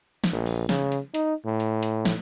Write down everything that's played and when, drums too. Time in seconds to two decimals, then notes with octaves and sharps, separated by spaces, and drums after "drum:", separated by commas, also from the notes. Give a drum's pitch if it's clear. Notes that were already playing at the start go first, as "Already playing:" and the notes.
0.24 drum: snare
0.33 A#1
0.46 drum: open hi-hat
0.69 C#3, drum: snare
0.92 drum: hi-hat
1.14 D#4, drum: hi-hat
1.46 A2
1.60 drum: hi-hat
1.83 drum: hi-hat
2.05 drum: snare